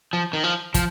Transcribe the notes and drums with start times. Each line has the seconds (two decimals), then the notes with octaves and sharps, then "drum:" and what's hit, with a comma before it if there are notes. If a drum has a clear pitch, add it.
0.13 F3
0.33 D#3
0.44 F3
0.74 F3, drum: kick, hi-hat